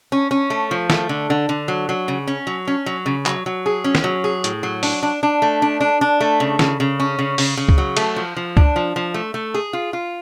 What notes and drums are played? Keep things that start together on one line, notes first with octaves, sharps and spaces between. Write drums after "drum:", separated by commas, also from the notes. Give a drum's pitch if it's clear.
C#4
C#4
A3
F3
A3, drum: snare
D3
D3
D3
F#3
F#3
C#3
C#4
F#3
C#4
F#3
C#3
F#3, drum: clap
F#3
G#4
C#4
drum: snare
F#3
G#4
A2, drum: hi-hat
F#3
D4, drum: open hi-hat
D4
D4
A3
D4
D4
D4
A3
C#3
C#3, drum: snare
C#3
C#4
C#3
C#3, drum: open hi-hat
C#3
drum: kick C#2
F#3
A3, drum: cymbal
F3
F3
D4, drum: kick C#2
F3
F3
A3
A3
G#4
F4
F4